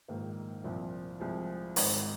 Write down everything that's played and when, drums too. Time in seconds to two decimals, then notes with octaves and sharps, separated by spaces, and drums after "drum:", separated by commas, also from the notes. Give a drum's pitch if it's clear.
0.08 A#1 G#2 D#3 A#3
0.64 C2 A#2 F3
1.20 C2 C3 F3 G#3
1.76 G#1 G#2 D#3, drum: open hi-hat